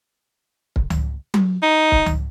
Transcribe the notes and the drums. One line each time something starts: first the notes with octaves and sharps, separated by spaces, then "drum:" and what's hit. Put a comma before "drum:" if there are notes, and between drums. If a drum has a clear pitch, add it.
drum: kick
drum: tom C#2
drum: tom F#3
D#4
drum: kick
drum: tom C#2